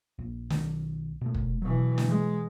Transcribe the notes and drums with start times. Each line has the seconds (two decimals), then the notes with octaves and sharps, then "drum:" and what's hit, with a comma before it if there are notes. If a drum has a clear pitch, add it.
0.19 A#1
0.50 B1 D#3, drum: snare
1.21 B2 A3
1.35 drum: kick
1.62 B2 E3 F#3
1.98 drum: snare
2.08 E3 G#3